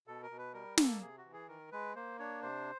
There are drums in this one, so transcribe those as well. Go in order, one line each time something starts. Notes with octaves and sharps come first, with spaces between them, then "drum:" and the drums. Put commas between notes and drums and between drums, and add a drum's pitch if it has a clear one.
B2 A4
A#4
B2
B4
G3 A#4
A#3 A4, drum: snare
C3 G#4
F#4
E3
G#4
D#3 A#4
G#3 B4
A#3 C5
D4 C#5
C3 C5